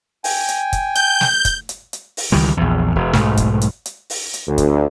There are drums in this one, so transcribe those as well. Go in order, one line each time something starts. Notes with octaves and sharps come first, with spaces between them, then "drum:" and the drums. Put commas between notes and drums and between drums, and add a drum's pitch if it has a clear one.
G5 G#5, drum: open hi-hat
drum: hi-hat
drum: kick, hi-hat
G6, drum: hi-hat
drum: snare
drum: kick, hi-hat
drum: hi-hat
drum: hi-hat
drum: open hi-hat
C#2 D#3 E3 G3
A#1 E2
E1
B1 G#2 A3, drum: snare
drum: kick, hi-hat
drum: hi-hat
drum: hi-hat
drum: open hi-hat
drum: hi-hat
D2
drum: kick, hi-hat